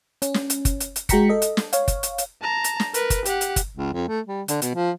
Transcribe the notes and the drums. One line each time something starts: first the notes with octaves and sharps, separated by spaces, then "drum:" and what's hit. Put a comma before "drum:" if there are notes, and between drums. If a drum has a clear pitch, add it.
C#4, drum: hi-hat
drum: snare
drum: hi-hat
drum: kick, hi-hat
drum: hi-hat
drum: hi-hat
G#3 F#4 G5 A#5 B6 C#7, drum: kick, hi-hat
A4 D#5
drum: hi-hat
drum: snare
C#5 F5, drum: hi-hat
drum: kick, hi-hat
drum: hi-hat
drum: hi-hat
A5 A#5
drum: hi-hat
drum: snare
A#4 B4, drum: hi-hat
drum: kick, hi-hat
G4 F#5, drum: hi-hat
drum: hi-hat
drum: kick, hi-hat
C#2
F2
A3
G3
D3, drum: hi-hat
B2, drum: hi-hat
F3